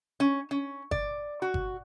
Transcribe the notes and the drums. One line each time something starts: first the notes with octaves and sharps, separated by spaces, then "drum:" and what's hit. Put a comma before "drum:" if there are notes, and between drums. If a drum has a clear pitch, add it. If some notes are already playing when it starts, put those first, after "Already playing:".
C#4
C#4
D5, drum: kick G1
F#4
drum: kick G1